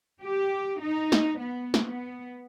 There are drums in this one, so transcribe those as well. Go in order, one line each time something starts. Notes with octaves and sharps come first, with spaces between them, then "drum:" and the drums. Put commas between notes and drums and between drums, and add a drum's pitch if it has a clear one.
G4
D#4
drum: snare
B3
drum: snare
B3